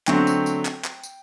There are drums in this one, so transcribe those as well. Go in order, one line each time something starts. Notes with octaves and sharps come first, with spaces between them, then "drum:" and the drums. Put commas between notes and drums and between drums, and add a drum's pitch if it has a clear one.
D3 F#3 A3 C4 G5, drum: clap
drum: tambourine
drum: tambourine
drum: clap
drum: clap
drum: tambourine